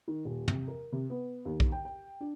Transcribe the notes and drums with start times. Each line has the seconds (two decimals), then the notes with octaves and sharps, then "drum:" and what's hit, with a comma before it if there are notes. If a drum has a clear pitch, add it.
0.08 D#3
0.25 D#1
0.48 C3, drum: tom
0.68 A#4
0.92 C3
1.10 B3
1.45 D#2
1.60 drum: kick B1
1.72 G5
1.85 G5
2.20 D4